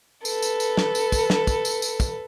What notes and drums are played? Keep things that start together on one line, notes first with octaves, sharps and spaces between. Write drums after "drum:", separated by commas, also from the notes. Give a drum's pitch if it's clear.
A4 B4, drum: tambourine
drum: tambourine
drum: tambourine
drum: snare
drum: tambourine
drum: kick, tambourine
drum: snare
drum: kick, tambourine
drum: tambourine
drum: tambourine
drum: kick, tambourine